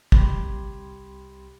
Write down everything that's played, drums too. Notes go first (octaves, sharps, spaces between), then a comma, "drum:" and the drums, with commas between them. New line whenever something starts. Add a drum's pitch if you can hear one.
C2 G4 B5 C6 G#6, drum: kick